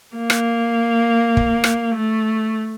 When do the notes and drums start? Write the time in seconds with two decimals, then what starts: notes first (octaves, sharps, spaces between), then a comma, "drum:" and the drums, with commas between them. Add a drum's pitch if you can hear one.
0.16 A#3
0.30 drum: rim click
1.37 drum: kick
1.64 drum: rim click
1.95 A3